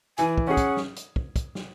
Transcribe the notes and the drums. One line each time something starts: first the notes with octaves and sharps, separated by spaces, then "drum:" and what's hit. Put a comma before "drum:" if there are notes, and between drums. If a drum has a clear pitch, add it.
E3 G#5, drum: hi-hat
drum: kick
C#4 G#4 F#5
drum: kick, hi-hat
drum: snare
drum: hi-hat
drum: kick
drum: kick, hi-hat
drum: snare